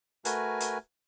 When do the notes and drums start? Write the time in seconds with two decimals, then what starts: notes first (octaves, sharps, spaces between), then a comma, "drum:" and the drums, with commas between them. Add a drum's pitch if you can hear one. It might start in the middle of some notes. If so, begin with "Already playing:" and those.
0.25 A3 F#4 A#4 B4 G#5, drum: hi-hat
0.60 drum: hi-hat